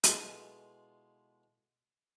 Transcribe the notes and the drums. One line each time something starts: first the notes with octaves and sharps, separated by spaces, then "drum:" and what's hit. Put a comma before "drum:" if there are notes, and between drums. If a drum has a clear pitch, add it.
B2 E3 G#3 F4 G#4 A4, drum: hi-hat